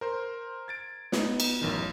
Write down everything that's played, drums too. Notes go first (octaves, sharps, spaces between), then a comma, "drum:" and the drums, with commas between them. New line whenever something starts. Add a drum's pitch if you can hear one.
A#4 C5 C6
G#6 A6 D7
B3 D#4, drum: snare
drum: cymbal
A1 F#2 D#3